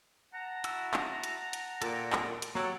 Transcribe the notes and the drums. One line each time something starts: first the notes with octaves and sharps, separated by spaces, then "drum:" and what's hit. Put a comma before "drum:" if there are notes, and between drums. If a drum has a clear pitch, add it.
F#5 A5 A#5
E4 F#4 E6, drum: hi-hat
drum: clap
drum: hi-hat
drum: hi-hat
A#2 A4 D5 G5, drum: hi-hat
drum: clap
drum: hi-hat
F#3 A#3 G4 A4 G5